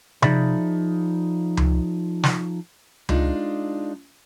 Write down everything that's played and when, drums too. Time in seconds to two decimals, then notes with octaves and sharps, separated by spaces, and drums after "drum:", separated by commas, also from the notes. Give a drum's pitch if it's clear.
0.22 F3 D#4 G#4 D5 E5 B5, drum: tom C3
1.57 drum: tom C#2
2.23 drum: snare
3.09 G#3 D4 D#4 F4, drum: tom C#2